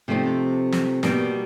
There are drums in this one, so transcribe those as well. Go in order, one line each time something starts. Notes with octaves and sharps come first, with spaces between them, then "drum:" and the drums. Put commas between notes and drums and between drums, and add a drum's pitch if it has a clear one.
C3 F3 A3 C4 D#4
drum: snare
B2 G3 A#3 D#4, drum: snare